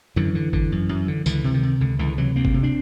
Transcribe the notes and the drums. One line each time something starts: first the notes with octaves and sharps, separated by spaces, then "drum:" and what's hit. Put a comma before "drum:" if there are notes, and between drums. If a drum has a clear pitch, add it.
F#2 D3 E3
D3
D3, drum: kick G1
F#2
F#2
D3
C#2 D3 E3, drum: tambourine
C3
D#3
C3
C#2 D3
C#2 D3 E3
C3 E3 F#3
D2 A#3 C4
drum: kick G1
C3
C4 D4